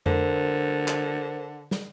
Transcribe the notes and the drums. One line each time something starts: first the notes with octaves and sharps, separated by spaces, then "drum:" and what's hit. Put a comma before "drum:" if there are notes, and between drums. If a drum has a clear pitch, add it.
D3 A#4 C5, drum: tom F2
drum: clap
drum: snare